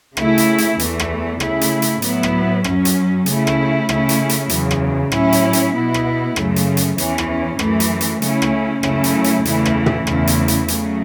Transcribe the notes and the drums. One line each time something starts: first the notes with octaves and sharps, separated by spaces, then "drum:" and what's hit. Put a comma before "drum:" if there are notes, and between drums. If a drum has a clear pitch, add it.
C#3 A3 E4, drum: rim click
drum: hi-hat
drum: hi-hat
E2 E3 A3, drum: hi-hat
drum: rim click
C#3 A3 E4, drum: rim click
drum: hi-hat
drum: hi-hat
A2 F#3 B3 E4, drum: hi-hat
drum: rim click
F#2 F#3 C#4, drum: rim click
drum: hi-hat
C#3 A3 C#4 E4, drum: hi-hat
drum: rim click
C#3 A3 C#4 E4, drum: rim click
drum: hi-hat
drum: hi-hat
E2 C#3 F#3, drum: hi-hat
drum: rim click
A2 F#3 C#4 E4, drum: rim click
drum: hi-hat
drum: hi-hat
B2 B3 E4
drum: rim click
F#2 C#3 A3, drum: rim click
drum: hi-hat
drum: hi-hat
E2 E3 C#4, drum: hi-hat
drum: rim click
F#2 E3 A3, drum: rim click
drum: hi-hat
drum: hi-hat
C#3 A3 C#4 E4, drum: hi-hat
drum: rim click
F#2 C#3 A3 C#4 E4, drum: rim click
drum: hi-hat
drum: hi-hat
E2 C#3 E3 A3 E4, drum: hi-hat
drum: rim click
drum: tom
E2 C#3 A3 E4, drum: rim click
drum: hi-hat
drum: hi-hat
C#3 F#3 A3, drum: hi-hat